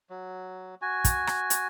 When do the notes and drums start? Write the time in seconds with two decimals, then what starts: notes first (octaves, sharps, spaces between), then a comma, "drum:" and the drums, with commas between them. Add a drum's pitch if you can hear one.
0.10 F#3
0.82 F#4 G#5
1.05 drum: kick, hi-hat
1.27 drum: rim click
1.50 drum: hi-hat